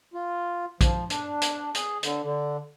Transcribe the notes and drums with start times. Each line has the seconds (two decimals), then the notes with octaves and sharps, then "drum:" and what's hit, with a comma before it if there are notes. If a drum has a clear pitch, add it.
0.14 F4
0.81 F3, drum: kick, hi-hat
1.10 D4, drum: hi-hat
1.42 drum: hi-hat
1.75 G#4, drum: hi-hat
2.03 D3, drum: hi-hat
2.23 D3